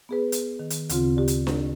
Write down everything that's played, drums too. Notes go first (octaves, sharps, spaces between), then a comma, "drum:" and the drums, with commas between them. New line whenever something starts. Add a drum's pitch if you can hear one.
B3 G#4 B4
drum: hi-hat
D#3
drum: hi-hat
D2 C#3 C4 F4, drum: hi-hat
G4 D5
drum: hi-hat
drum: snare D4